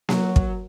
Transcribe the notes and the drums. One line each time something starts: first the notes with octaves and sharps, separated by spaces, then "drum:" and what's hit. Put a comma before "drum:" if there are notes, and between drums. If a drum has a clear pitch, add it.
F#3, drum: snare A#3
drum: kick